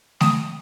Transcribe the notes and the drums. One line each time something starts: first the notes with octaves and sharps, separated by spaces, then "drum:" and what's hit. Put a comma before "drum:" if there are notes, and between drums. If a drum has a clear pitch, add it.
D#6, drum: snare A3